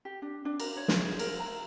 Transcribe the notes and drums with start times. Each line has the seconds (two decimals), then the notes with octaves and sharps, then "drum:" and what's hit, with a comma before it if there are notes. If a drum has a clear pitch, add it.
0.05 G4
0.22 D4
0.45 D4
0.60 A#4, drum: cymbal
0.77 C#5
0.88 drum: snare
1.04 G#4
1.19 A#4, drum: cymbal
1.39 A#5